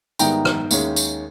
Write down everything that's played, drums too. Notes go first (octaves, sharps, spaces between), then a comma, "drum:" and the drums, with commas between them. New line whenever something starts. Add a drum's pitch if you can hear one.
G#2 D#3 G3 B3 E4 G5 A#5, drum: tambourine
drum: rim click
D#2 D#3 G#3 C#4 E4, drum: tambourine
drum: tambourine